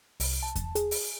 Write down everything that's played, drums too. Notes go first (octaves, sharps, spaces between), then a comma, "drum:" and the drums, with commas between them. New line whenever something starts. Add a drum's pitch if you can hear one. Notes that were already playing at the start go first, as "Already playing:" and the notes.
C2, drum: open hi-hat
A5
drum: kick E2, hi-hat
G#4, drum: hi-hat
drum: open hi-hat